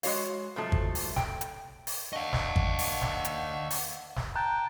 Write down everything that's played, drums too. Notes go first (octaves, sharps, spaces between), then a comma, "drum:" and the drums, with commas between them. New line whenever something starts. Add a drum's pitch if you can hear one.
G#3 F#4 C#5 F5, drum: open hi-hat
G#2 C3 F3 F#3 A3 A5
drum: kick
drum: open hi-hat
G5, drum: snare
drum: hi-hat
drum: open hi-hat
D4 D#5 F5 F#5 C#6
drum: snare
drum: kick
drum: open hi-hat
drum: snare
drum: hi-hat
drum: open hi-hat
drum: snare
G5 A5 A#5 F#6 G6